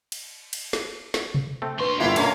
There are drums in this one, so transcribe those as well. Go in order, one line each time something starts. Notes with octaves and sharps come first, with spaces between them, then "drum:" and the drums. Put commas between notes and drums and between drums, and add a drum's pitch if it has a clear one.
drum: cymbal
drum: cymbal
drum: snare
drum: snare
drum: tom C3
A3 C4
D2 B4 C6 C#6
G1 G#3 A#3 E4 F4 E5 G5 C6
B2 A3 C#4 A#4 F5, drum: cymbal